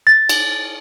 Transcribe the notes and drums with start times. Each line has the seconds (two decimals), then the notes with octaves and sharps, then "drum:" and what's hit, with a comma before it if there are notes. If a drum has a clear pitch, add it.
0.07 A6
0.29 drum: cymbal